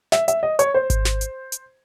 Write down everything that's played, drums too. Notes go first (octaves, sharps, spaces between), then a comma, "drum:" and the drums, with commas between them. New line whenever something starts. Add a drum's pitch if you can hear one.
E5, drum: snare
E5, drum: hi-hat
D#5
C#5, drum: hi-hat
C5
drum: kick G#1, hi-hat
drum: snare
drum: hi-hat
drum: hi-hat